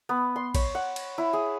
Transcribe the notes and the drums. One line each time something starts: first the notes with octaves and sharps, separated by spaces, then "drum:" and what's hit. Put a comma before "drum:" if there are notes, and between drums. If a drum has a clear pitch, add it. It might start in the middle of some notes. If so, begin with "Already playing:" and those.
B3
C6
C#5, drum: kick, cymbal
F#5
drum: cymbal
E4
G#4